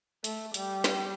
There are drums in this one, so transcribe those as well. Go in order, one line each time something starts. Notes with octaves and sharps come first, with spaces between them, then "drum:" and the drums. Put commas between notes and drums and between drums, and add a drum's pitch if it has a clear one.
A3, drum: hi-hat
G3, drum: hi-hat
drum: snare